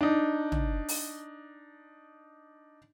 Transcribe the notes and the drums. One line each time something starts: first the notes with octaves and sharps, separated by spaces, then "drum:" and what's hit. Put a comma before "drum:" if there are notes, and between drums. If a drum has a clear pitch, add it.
D4 D#4
drum: tom
drum: open hi-hat